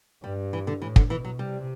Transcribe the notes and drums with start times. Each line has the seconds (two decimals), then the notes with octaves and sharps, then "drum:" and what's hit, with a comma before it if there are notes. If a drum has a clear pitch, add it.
0.24 G2 G3
0.53 E3
0.67 D3
0.82 A2 E3
0.96 D3, drum: kick
1.10 B2 E3
1.25 F#3
1.39 C3 G3